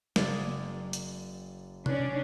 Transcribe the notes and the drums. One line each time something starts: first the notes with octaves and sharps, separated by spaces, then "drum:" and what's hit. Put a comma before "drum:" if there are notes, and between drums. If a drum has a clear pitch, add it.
F#1 G#4 D5, drum: snare
drum: hi-hat
C#4 D4 F#6, drum: tom C3